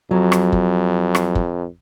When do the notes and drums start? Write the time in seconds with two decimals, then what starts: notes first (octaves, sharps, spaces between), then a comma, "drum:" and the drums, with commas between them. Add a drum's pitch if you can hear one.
0.11 F2 F#3
0.32 drum: rim click
0.52 drum: kick
1.15 drum: rim click
1.35 drum: kick